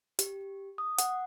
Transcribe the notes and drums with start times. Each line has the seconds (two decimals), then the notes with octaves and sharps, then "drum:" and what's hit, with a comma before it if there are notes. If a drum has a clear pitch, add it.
0.19 G4, drum: hi-hat
0.78 D#6
0.98 F#5, drum: hi-hat